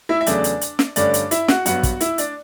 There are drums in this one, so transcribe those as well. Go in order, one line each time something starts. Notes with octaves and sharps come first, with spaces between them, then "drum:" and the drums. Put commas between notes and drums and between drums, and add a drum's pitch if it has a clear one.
E4 E5
E5
E2 C#3 F#3 A3 D4 D5, drum: hi-hat
drum: hi-hat
drum: hi-hat
drum: snare
G2 D3 A3 C#4 D4 D5, drum: hi-hat
drum: hi-hat
E4 E5, drum: hi-hat
F#4 F#5, drum: snare
G2 F#3 B3 F#4 F#5, drum: hi-hat
drum: kick, hi-hat
E4 E5, drum: hi-hat
D4 D5, drum: hi-hat